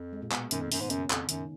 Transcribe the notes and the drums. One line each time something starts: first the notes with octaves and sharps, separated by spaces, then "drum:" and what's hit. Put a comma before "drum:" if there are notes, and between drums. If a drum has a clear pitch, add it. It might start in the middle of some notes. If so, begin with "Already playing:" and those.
Already playing: F2
G#3
A#2 A#3
B2 B3, drum: clap
F#2 D#3 D#4, drum: hi-hat
F2
F#2, drum: open hi-hat
G#2
B3
F#2 C#3 C#4, drum: hi-hat
F2, drum: clap
F#2 D#3 D#4, drum: hi-hat